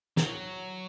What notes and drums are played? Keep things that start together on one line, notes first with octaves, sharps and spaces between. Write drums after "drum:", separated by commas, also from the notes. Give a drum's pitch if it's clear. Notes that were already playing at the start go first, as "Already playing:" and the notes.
F#3, drum: snare